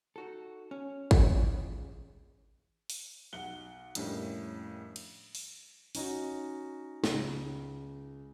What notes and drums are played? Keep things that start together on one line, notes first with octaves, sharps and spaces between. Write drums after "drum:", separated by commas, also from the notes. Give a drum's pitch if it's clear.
D#4 F#4 A4
C#4
G#2 E3 C#4 F4 G#4, drum: kick
drum: open hi-hat
B1 F#5 G7
F2 A2 D3 G3 A#3 C#4, drum: hi-hat
drum: cymbal
drum: open hi-hat
C#4 D#4 F#4, drum: open hi-hat
C#2, drum: snare